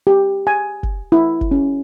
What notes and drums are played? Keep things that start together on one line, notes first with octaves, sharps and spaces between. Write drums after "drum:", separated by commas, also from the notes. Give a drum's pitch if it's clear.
G4
G#5
drum: kick
E4
drum: kick
C#4